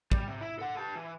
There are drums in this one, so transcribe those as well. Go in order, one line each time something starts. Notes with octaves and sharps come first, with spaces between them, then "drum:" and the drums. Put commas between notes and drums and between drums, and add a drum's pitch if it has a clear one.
G3, drum: kick
C3
E4
A4 F#5
G4 A5
E3